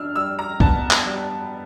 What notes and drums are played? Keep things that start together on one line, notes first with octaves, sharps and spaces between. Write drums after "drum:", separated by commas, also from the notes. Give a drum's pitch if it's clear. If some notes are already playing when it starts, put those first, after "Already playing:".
Already playing: D4 E6 F6
G3 E6
A#5
B3 A5, drum: kick
drum: clap
G3